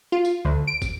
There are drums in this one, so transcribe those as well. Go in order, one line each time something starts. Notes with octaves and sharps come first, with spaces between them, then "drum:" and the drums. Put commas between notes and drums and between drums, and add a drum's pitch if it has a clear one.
F4
drum: tambourine
D2
D7
drum: kick, tambourine